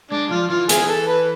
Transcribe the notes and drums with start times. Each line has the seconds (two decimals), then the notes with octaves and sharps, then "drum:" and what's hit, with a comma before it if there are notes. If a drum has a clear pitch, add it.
0.12 G#3 D4
0.31 F3 F4
0.50 E3 F4
0.69 E3 G#4, drum: hi-hat
0.89 A4
1.08 B4